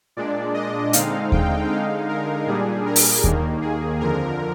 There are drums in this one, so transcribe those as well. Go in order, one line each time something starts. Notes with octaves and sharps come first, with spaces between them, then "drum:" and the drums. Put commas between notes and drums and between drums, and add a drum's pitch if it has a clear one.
A#2 G#3 D4 D5
D#5
D3 G#3 C4 D#4 F5, drum: hi-hat
G5, drum: kick D#2
D3 G#3 D#4 F5
A#4
A#2 G3 D4 G#4
A#4
drum: open hi-hat
D#2 D#3 A#3, drum: kick D#2
G#4
F2 D3 F3 A#4